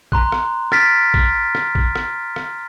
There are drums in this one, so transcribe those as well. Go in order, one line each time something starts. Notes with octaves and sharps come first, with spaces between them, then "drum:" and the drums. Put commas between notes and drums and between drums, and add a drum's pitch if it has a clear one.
A#5 C6 F#6, drum: kick A1
drum: rim click
F6 A6 B6 D7, drum: rim click
drum: kick A1
drum: rim click
drum: kick A1
drum: rim click
drum: rim click